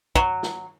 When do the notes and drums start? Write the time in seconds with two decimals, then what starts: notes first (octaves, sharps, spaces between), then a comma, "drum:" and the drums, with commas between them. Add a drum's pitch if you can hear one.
0.15 F#3, drum: kick
0.43 drum: snare